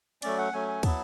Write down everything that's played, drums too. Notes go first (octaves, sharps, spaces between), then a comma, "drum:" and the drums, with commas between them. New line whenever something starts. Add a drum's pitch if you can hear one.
F#3 A3 C#4 D5, drum: cymbal
F#5
F#3 A3 C#4 G#5
G#5
F#3 B3 E4 A5, drum: kick, cymbal